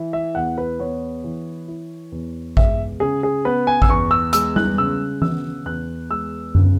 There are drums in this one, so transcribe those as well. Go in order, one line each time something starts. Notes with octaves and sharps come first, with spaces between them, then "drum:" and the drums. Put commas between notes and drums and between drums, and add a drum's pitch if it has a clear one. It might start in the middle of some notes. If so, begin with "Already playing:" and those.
Already playing: E3 E4
E5
E2 F#5
B4
B3 C#5
E3
E4
E2
G#3 E5, drum: kick A1
C#3 G#4
G#4
B3 B4
G#5
E6, drum: kick A1
E2 C#6
E6
G#3 E6, drum: hi-hat
F#6, drum: tom G3
C#3 E6
B3 E6, drum: tom E3
E2 F#6
G#3 E6
C#3, drum: tom F#2